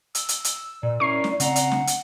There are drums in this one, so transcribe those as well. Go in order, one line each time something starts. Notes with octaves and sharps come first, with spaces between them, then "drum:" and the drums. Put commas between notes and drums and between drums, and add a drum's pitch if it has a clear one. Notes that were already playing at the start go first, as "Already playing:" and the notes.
E6, drum: hi-hat
drum: hi-hat
drum: hi-hat
A#2 D5
C#4 E4 A#4 C#6 C7
drum: snare
C#3 C4 F#5 A#5, drum: hi-hat
drum: hi-hat
drum: snare
drum: hi-hat